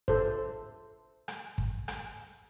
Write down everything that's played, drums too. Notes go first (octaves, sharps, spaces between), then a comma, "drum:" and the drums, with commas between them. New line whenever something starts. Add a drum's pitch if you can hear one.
A4 C5, drum: kick
drum: rim click
drum: kick
drum: rim click